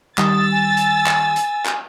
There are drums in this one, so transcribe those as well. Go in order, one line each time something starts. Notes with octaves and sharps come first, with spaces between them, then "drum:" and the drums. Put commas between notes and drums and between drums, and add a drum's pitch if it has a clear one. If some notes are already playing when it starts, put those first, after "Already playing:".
D#3 G3 D#6 E6 A6, drum: clap
G#5
drum: hi-hat
drum: clap
drum: hi-hat
drum: clap